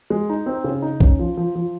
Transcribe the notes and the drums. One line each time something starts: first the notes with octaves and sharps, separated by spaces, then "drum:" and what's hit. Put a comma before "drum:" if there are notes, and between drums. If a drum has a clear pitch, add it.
G#3
D#4
C4
C#3
D#4
C#4, drum: kick B1
F3
F3
F3